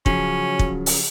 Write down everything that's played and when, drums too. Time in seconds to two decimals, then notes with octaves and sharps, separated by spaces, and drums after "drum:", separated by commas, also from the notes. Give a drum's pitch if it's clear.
0.06 C#3 F3 F#3 C#4 B6, drum: kick
0.59 drum: kick
0.86 drum: open hi-hat